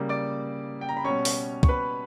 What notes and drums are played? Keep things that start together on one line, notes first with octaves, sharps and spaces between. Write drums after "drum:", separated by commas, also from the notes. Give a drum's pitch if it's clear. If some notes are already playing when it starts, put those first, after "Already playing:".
Already playing: C#3 G3 A#3
D5 D6
G5
A#5
B5
B2 G3 C#4 C#5 C#6
drum: open hi-hat
C#6, drum: kick
B4 B5